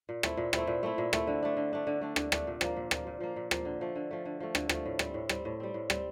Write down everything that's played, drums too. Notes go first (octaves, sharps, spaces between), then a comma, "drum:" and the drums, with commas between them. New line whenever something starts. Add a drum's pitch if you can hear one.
A#2
A3 C4 E4, drum: rim click
A#2
A3 C4 E4, drum: rim click
A#2
A3 C4 E4
A#2
A3 C4 E4, drum: rim click
D3
A3 D4
D3
A3 D4
D3
A3 D4
D3, drum: rim click
A3 D4, drum: rim click
A#2
F3 A#3, drum: rim click
A#2
F3 A#3, drum: rim click
A#2
F3 A#3
A#2
F3 A#3, drum: rim click
D3
F3 A3
D3
F3 A3
D3
F3 A3
D3, drum: rim click
F3 A3, drum: rim click
A2
G3 C4, drum: rim click
A2
G3 C4, drum: rim click
A2
G3 C4
A2
G3 C4, drum: rim click